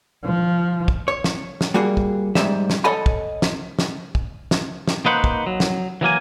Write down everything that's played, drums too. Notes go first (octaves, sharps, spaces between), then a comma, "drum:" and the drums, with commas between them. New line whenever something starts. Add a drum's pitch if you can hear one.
F3
drum: kick
C#5
drum: snare
drum: snare
G3 A#3 F#4 G#4
drum: kick
G#2 B2 G3 E5, drum: snare
drum: snare
A4 C#5 D#5 F#5 G#5 B5
drum: kick
drum: snare
drum: snare
drum: kick
drum: snare
drum: snare
A#3 D#4 B4 C5 F#5
drum: kick
F#3
drum: snare
E3 F#3 A#3 G#5